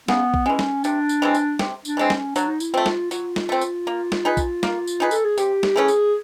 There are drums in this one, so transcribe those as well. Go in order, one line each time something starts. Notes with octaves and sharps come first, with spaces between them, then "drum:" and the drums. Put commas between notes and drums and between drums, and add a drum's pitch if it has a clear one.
C#3 B3, drum: snare
drum: kick A#1
E3 G#3 C#4
drum: snare
C3 D4, drum: tambourine
drum: tambourine
E3 G#3 C4
drum: tambourine
C3, drum: snare
D4, drum: tambourine
E3 G#3 C4
C#4, drum: snare
F#3 D4, drum: tambourine
D#4
E4, drum: tambourine
A3 C4 F4
drum: snare
F#3 F4, drum: tambourine
drum: snare
A3 C4
drum: tambourine
A#3
drum: snare
D#4 G#4 B4
drum: kick A#1, tambourine
A#3, drum: snare
drum: tambourine
D#4 G#4 B4
A4, drum: tambourine
G#4
C3 G4, drum: tambourine
drum: snare
E3 A3 C#4 G#4
drum: tambourine